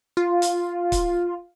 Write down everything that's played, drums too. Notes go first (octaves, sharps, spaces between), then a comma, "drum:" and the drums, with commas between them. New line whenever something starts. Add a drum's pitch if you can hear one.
F4
drum: hi-hat
drum: kick C#1, hi-hat